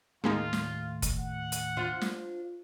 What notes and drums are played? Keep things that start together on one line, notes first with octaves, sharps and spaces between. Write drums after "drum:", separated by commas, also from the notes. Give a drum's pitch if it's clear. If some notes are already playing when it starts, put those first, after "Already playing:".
D#2 A2 G#3 A#3 D#4 F4 A5
drum: snare
drum: kick F#1, hi-hat
F#5
drum: hi-hat
D4 F4 C5
drum: snare